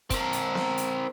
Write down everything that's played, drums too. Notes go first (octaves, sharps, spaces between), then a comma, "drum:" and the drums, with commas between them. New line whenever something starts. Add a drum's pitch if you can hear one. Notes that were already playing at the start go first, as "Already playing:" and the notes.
C4 A#4, drum: kick, hi-hat
drum: hi-hat
drum: snare B3
drum: hi-hat